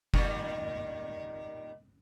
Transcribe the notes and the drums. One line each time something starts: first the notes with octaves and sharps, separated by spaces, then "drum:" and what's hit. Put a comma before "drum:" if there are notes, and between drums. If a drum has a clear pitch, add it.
A#2 D#3 G3, drum: kick F#1